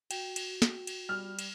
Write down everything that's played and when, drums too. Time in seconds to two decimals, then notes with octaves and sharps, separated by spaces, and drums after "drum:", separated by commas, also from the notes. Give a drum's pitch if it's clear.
0.11 F#4 G5, drum: cymbal
0.36 drum: cymbal
0.62 drum: snare
0.87 drum: cymbal
1.09 G3 F6
1.39 drum: cymbal